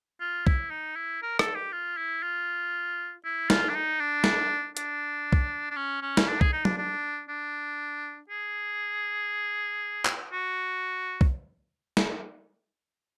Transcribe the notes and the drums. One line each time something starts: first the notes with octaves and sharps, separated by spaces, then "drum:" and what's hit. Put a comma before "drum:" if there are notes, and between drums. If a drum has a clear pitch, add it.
F4
E4, drum: kick
D#4
E4
A#4
A4, drum: rim click
G4
F4
E4
F4
E4
F4, drum: snare
D4
D#4
D4
drum: snare
D4, drum: hi-hat
drum: kick
D4
C#4
C#4
drum: snare
D4
G#4, drum: kick
D#4
D4, drum: tom F#3
D4
D4
G#4
drum: clap
F#4
drum: kick
drum: snare